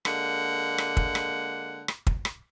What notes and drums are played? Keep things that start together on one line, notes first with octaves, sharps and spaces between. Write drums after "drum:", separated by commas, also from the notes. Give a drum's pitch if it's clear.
D3 G#3 A#3 F#5, drum: rim click
drum: rim click
drum: kick
drum: rim click
drum: rim click
drum: kick
drum: rim click